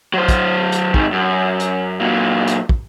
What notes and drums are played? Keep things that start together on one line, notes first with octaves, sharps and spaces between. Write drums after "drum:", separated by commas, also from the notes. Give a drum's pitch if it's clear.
F#3 C5
drum: kick, hi-hat
drum: hi-hat
G#2 D#3, drum: kick
F#2
drum: hi-hat
A#2 F#3
drum: hi-hat
drum: kick